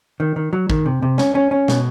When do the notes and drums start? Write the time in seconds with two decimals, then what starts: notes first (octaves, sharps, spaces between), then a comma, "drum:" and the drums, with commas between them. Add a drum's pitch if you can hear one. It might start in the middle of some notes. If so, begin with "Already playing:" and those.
0.20 D#3
0.36 D#3
0.53 F#3
0.70 D#3, drum: kick
0.86 C3
1.03 C3
1.18 C#4, drum: snare
1.35 C#4
1.51 C#4
1.68 B2, drum: snare